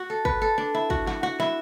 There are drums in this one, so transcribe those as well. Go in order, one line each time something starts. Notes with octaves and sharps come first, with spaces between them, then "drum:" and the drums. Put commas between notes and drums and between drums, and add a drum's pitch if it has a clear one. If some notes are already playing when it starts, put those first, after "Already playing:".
Already playing: F#4
A4
B4, drum: kick
A4
D4
E4
F#4, drum: kick
F#4, drum: snare
F#4
E4, drum: snare